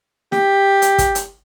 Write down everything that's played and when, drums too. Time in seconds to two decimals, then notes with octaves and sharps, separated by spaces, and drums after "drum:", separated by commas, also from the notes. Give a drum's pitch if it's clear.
0.32 G4, drum: snare
0.82 drum: hi-hat
0.98 drum: kick, hi-hat
1.15 drum: hi-hat